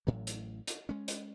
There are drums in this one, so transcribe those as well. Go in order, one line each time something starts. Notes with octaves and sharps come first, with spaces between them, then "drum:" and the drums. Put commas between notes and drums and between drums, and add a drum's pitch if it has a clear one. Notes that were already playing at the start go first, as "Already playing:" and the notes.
A1 A2 F#3
drum: hi-hat
drum: hi-hat
G#3 C#4
drum: hi-hat